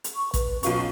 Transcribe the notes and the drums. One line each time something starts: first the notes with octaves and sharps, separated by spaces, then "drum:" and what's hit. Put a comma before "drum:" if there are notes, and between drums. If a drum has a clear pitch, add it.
drum: hi-hat
C#6
B4, drum: kick A1, hi-hat
B1 C#4 F4 C#6, drum: hi-hat